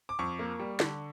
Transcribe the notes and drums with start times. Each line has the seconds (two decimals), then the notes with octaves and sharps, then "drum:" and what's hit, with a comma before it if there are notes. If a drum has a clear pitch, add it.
0.09 D6
0.19 F2 C#6
0.39 A#3
0.59 G3
0.80 D3, drum: snare